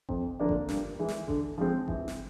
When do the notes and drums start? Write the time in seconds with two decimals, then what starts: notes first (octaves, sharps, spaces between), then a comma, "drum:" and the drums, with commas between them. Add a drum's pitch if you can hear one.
0.09 F2, drum: kick G1
0.40 D3 F3 A#3 D4
0.49 drum: kick G1
0.69 G2, drum: snare
0.99 E3 G#3
1.08 drum: snare
1.28 D3, drum: kick G1
1.58 F3 G#3 C4
1.88 E3, drum: kick G1
2.08 drum: snare